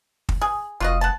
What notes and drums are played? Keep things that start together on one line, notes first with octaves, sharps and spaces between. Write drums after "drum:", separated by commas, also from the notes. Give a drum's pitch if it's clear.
drum: kick
G#4
F1 F4 F#4 D#5
F#5 A5